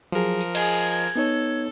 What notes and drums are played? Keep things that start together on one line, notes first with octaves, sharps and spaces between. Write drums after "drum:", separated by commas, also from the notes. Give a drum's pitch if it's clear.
F3 F#3 G#4 A#4
drum: tambourine
G#4 D#5 G#6, drum: cymbal
B3 D#4 A4 C#5